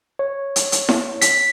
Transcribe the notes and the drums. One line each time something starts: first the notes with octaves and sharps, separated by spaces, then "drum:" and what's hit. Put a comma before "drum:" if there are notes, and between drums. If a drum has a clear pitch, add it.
C#5
drum: hi-hat
drum: hi-hat
drum: snare E4
B6, drum: hi-hat